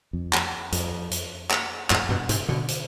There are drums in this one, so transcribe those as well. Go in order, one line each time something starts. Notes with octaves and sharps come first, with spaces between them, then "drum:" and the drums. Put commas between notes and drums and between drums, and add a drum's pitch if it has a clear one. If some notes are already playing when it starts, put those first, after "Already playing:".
F2
drum: clap
F2, drum: hi-hat
drum: hi-hat
drum: clap
F2 G#2, drum: clap
G2 B2
G#2 C3, drum: hi-hat
B2 D3
drum: hi-hat